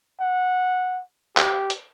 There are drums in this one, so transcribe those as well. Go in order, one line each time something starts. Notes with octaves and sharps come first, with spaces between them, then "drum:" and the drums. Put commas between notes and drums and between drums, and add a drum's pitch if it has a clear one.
F#5
G4, drum: clap
drum: hi-hat